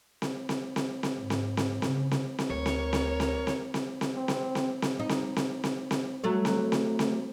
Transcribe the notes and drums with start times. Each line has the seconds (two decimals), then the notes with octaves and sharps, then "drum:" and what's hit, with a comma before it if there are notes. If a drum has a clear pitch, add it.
0.22 drum: snare C4
0.49 drum: snare C4
0.76 drum: snare C4
1.03 drum: snare C4
1.17 G#2
1.30 drum: snare C4
1.57 drum: snare C4
1.82 C#3, drum: snare C4
2.11 drum: snare C4
2.39 drum: snare C4
2.50 D2 A#4 C#5
2.66 drum: snare C4
2.93 drum: snare C4
3.20 drum: snare C4
3.47 drum: snare C4
3.74 drum: snare C4
4.01 drum: snare C4
4.16 C4
4.28 drum: snare C4
4.55 drum: snare C4
4.82 drum: snare C4
5.00 D#4
5.09 drum: snare C4
5.36 drum: snare C4
5.64 drum: snare C4
5.91 drum: snare C4
6.23 F#3 A3 C#5
6.45 drum: snare C4
6.72 drum: snare C4
6.99 drum: snare C4